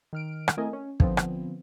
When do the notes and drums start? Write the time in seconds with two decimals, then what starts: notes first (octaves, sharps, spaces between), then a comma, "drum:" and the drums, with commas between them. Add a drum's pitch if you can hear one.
0.13 D#3 F6 D7
0.48 drum: rim click
0.57 A3 C4 E4 A#4 D#5 G#5
0.73 C#4
1.00 D3 F3 B3 C4, drum: kick
1.17 drum: rim click